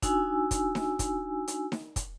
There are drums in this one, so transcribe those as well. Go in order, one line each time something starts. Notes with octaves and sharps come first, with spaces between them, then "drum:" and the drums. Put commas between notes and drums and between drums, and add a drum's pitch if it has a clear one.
D4 D#4 F#4 G#5 E6, drum: kick, hi-hat
drum: kick, hi-hat
drum: snare D#4
drum: kick, hi-hat
drum: hi-hat
drum: snare D#4
drum: kick, hi-hat